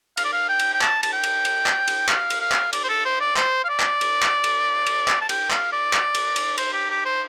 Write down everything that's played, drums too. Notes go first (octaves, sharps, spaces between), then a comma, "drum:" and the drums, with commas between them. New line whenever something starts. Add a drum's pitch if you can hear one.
F5, drum: cymbal
D5
F5
G5
drum: cymbal
G5
A5, drum: clap
A5, drum: cymbal
G5
drum: cymbal
drum: cymbal
drum: clap
drum: cymbal
F5, drum: clap
drum: cymbal
F5
drum: clap
D5, drum: cymbal
C5
A4
C5
D5
C5, drum: clap
F5
D5
drum: clap
drum: cymbal
drum: clap
drum: cymbal
drum: cymbal
drum: clap
A5
G5, drum: cymbal
F5, drum: clap
D5
drum: clap
drum: cymbal
drum: cymbal
C5, drum: cymbal
G4
G4
C5